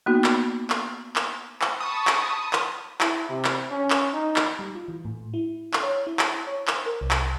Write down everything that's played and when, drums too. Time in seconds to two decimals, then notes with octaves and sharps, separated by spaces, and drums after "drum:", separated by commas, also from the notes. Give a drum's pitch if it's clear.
0.06 A#3 B3 D#4 F#4
0.24 drum: clap
0.70 drum: clap
1.16 drum: clap
1.62 drum: clap
1.80 A5 B5 C#6 D#6
2.07 drum: clap
2.53 drum: clap
3.01 E4, drum: clap
3.30 C3
3.45 drum: clap
3.71 C#4
3.90 drum: clap
4.14 D#4
4.36 drum: clap
4.59 G3
4.75 F4
4.88 E3
5.05 A2
5.34 E4
5.73 drum: clap
5.83 C#5
6.07 E4
6.19 drum: clap
6.47 C#5
6.67 C5, drum: clap
6.86 A#4
7.01 C2
7.11 drum: clap